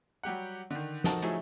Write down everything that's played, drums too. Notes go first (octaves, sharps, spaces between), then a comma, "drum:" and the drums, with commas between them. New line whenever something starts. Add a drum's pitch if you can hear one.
F#3 G3 G4 F#5
D3 D#3
C4 D#4 F#4 A4 A#4 A5, drum: snare
F3 F#3 A3 D#4 E4 G#4, drum: hi-hat